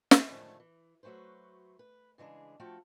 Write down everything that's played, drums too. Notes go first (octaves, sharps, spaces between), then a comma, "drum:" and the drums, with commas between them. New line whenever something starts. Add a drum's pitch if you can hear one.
drum: snare
A2 D3 D#3 F3 G#3 A3
E3
F#3 A3 F#4 B4 C5
B4
C#3 E3 G#3 D4 G#4
F3 A3 F#4 A4 F5 G5